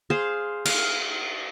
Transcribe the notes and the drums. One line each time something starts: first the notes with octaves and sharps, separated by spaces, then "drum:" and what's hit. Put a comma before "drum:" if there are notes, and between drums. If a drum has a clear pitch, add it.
G#4 C5 F5
F5, drum: cymbal